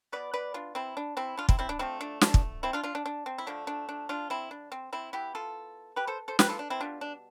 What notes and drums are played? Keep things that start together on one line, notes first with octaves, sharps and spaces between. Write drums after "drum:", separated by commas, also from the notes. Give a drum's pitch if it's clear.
B2 B3 B4 D5
B4 D5
D4 F4
C4 E4
D4
C4 E4
D4 F4
C4 E4, drum: kick
C4 E4
D4
D3 F3 A3 C4 E4
D4
D4, drum: snare
drum: kick
C4 E4
D4 F4
D4 F4
D4
D4
C4
E4
D3 F3 A3 D4
D4
D4
D4 F4
C4 E4
D4
C4
C4 E4
E3 B3 E4 G4
F4 A4
G4 B4
A4 C5
A4 C5
G4 B4, drum: snare
F4 A4
D4
C4 E4
B2 G3 B3 D4 F4
D4